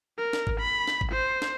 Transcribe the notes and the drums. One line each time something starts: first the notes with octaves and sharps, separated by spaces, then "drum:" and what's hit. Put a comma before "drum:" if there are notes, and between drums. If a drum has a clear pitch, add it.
A#4
drum: snare
drum: kick G#1
B5
drum: snare
drum: kick G#1
C5
drum: snare